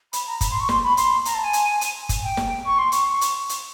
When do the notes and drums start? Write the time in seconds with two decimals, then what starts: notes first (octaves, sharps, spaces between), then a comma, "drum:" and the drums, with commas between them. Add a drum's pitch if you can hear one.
0.13 B5, drum: hi-hat
0.27 A#5
0.41 B5, drum: kick F#1, hi-hat
0.51 C6
0.60 C#6
0.69 C6, drum: snare
0.83 B5
0.97 C6, drum: hi-hat
1.25 A#5, drum: hi-hat
1.34 A5
1.44 G#5
1.53 drum: hi-hat
1.81 drum: hi-hat
2.09 drum: kick F#1, hi-hat
2.23 G5
2.37 drum: snare
2.66 C#6
2.79 C6
2.92 C#6, drum: hi-hat
3.21 drum: hi-hat
3.49 drum: hi-hat